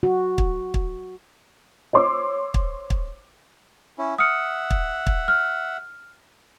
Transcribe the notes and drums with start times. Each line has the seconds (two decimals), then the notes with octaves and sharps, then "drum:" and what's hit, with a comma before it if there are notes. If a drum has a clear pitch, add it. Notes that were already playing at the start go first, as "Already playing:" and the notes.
0.03 F#4
0.38 drum: kick
0.74 drum: kick
1.93 C5 C#5 C6 D6 E6
2.54 drum: kick
2.90 drum: kick
3.98 C#4 E4
4.18 E5 F#5 D#6 F6 C#7
4.70 drum: kick
5.07 drum: kick
5.28 F6